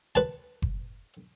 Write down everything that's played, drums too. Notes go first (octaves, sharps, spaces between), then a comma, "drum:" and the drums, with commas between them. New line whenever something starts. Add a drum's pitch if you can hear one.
B4 A5
drum: kick F#1